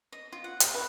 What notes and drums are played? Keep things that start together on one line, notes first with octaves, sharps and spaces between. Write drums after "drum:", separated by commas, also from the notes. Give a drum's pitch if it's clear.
D#5
F4
F#5
C5, drum: hi-hat
B4